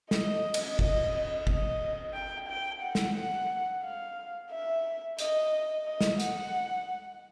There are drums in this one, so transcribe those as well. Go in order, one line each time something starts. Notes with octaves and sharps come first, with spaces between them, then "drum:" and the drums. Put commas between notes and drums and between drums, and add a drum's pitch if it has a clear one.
D#5, drum: snare
drum: cymbal
D#5, drum: kick
D#5, drum: kick
G5
G5
F#5
drum: snare
F#5
F5
E5
D#5, drum: hi-hat
D#5
drum: snare
F#5, drum: hi-hat